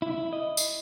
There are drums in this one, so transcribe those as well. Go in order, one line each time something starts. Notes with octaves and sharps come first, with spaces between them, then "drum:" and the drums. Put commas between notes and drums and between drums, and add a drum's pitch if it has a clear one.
E4
D#5
drum: tambourine